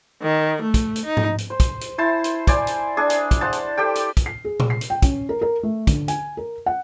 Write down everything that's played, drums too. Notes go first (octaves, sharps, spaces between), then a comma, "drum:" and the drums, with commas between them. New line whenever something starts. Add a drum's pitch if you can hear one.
D#3
A3
drum: kick, hi-hat
drum: hi-hat
D#4
drum: tom G#2
drum: hi-hat
C5
drum: kick, hi-hat
drum: hi-hat
E4 C5 A5
drum: hi-hat
C5 D5 G#5, drum: kick, hi-hat
drum: hi-hat
D4 G#4
drum: hi-hat
drum: kick, hi-hat
C5 F#5 A5
drum: hi-hat
G4 A4 G5
drum: hi-hat
drum: kick, hi-hat
C7
G#4
drum: tom A#2
C7
drum: hi-hat
G5
C#4, drum: kick, hi-hat
A#4
A#4
A3
D3, drum: kick, hi-hat
G#5, drum: hi-hat
A#4
F#5